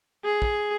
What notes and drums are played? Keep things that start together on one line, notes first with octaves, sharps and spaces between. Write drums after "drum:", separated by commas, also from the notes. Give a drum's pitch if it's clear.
G#4
drum: kick